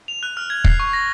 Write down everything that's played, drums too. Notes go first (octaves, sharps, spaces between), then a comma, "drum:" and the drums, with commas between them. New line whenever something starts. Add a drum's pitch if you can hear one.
F7
F#6
F6
G#6
C7, drum: kick
C#6
A#6